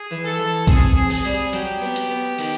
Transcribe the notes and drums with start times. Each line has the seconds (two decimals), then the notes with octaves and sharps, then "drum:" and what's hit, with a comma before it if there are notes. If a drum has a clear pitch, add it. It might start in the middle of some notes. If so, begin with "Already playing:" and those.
Already playing: G#4
0.11 E3
0.24 A4
0.39 E3
0.67 C4 G#4, drum: kick A#1, hi-hat
0.96 C4
1.10 G#4, drum: open hi-hat
1.25 G3
1.53 F#3 G4, drum: hi-hat
1.81 B3
1.96 drum: hi-hat
2.10 B3
2.38 D#3, drum: open hi-hat